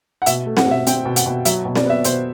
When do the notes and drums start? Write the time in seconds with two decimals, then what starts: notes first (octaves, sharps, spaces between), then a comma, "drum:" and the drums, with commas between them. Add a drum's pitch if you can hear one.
0.22 F#5
0.26 B2 E5, drum: hi-hat
0.46 A3
0.57 F#5, drum: snare C4
0.67 B2 E5
0.87 C4 G5, drum: hi-hat
1.05 B2
1.16 F#5, drum: hi-hat
1.26 B2
1.45 F#3 E5, drum: hi-hat
1.65 B2
1.75 D5, drum: snare C4
1.85 B3 E5
2.05 B2 C5, drum: hi-hat